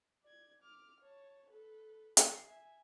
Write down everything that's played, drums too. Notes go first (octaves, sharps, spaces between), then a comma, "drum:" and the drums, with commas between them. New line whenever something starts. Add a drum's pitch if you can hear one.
D5 G#6
D6 F6
C#5 A5
A4 B4
G#4 C7, drum: hi-hat
E5 G#5